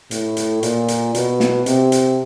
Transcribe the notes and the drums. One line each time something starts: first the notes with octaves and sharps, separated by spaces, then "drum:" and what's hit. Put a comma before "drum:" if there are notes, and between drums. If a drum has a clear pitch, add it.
A2, drum: hi-hat
drum: hi-hat
A#2, drum: hi-hat
drum: hi-hat
B2, drum: hi-hat
drum: snare
C3, drum: hi-hat
drum: hi-hat